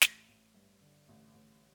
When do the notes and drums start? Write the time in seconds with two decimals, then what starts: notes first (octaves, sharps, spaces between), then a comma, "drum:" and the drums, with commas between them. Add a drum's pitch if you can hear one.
0.02 A1, drum: snare
0.29 A1
0.54 G2
0.81 D3
1.09 A1
1.34 A1